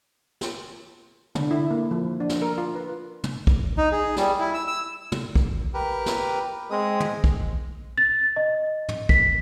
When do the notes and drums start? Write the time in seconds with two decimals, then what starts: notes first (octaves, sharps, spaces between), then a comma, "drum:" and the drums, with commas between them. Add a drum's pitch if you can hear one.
0.41 drum: snare
1.35 D3, drum: tom
1.51 E4
1.71 A#3
1.91 F3
2.20 D4
2.29 drum: snare
2.42 A#4
2.58 F4
2.75 B4
3.24 drum: tom
3.47 drum: kick
3.78 D#4
3.92 G#4
4.16 G3, drum: snare
4.39 E4
4.54 E6
4.67 E6
5.12 drum: tom
5.35 drum: kick
5.74 G4 A#4 B4
6.06 drum: snare
6.71 G#3 C4 D#6
7.00 drum: tom
7.24 drum: kick
7.98 A6
8.36 D#5
8.89 drum: tom
9.09 B6, drum: kick